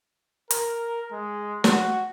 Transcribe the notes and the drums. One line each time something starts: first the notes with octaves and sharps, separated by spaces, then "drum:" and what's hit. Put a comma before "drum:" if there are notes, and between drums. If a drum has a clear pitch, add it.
A#4, drum: hi-hat
G#3
F#4, drum: snare